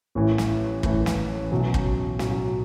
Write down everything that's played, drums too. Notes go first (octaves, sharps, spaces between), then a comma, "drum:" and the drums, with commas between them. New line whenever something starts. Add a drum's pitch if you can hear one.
A1 A2 E3
drum: snare
A1 A2 E3, drum: kick
drum: snare
B1 B2 F#3 C#4
drum: kick
B1 B2 F#3 C#4, drum: snare